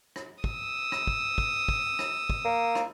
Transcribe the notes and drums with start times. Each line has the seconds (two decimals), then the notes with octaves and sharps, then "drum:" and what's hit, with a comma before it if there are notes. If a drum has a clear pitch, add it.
0.16 drum: rim click
0.44 D#6 E6, drum: kick
0.92 drum: rim click
1.07 drum: kick
1.38 drum: kick
1.68 drum: kick
1.99 drum: rim click
2.30 drum: kick
2.45 A#3
2.75 drum: rim click